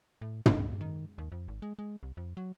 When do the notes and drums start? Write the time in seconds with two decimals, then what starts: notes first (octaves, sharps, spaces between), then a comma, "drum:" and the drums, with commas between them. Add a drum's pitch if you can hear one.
0.21 A2
0.46 F1, drum: tom
0.59 C#2
0.81 D#3
1.18 D#2
1.32 F2
1.48 G#1
1.62 G#3
1.79 G#3
2.03 C2
2.17 F2
2.37 F#3